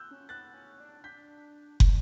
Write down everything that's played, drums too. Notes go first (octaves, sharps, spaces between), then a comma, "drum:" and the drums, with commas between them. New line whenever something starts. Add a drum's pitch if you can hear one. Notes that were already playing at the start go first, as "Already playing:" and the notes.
Already playing: E6 F#6 G6
C#4
B3 F#6 A6
C#4
D4
D4 G6 B6
D4, drum: kick